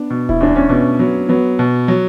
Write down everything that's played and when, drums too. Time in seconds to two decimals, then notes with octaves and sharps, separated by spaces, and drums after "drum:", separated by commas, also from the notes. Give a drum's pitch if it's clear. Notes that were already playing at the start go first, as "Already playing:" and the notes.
Already playing: B3 D4
0.10 B2
0.29 E4, drum: kick D1
0.40 E2 D4
0.56 C#4
0.69 B2 B3
0.99 F#3 B3
1.29 F#3 B3
1.59 B2
1.88 F#3